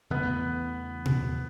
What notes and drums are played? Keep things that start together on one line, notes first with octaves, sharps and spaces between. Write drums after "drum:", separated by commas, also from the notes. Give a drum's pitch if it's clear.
E2 C#3 E3 A3 B3 B4
drum: tom A#2